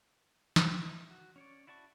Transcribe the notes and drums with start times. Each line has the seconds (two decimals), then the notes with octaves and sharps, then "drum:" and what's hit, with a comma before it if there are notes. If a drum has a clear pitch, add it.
0.56 C5 G5, drum: snare
0.87 D#4 E4
1.10 F#4
1.36 C#4 C#5 D5
1.67 E4 F#4 D5 A5 C#6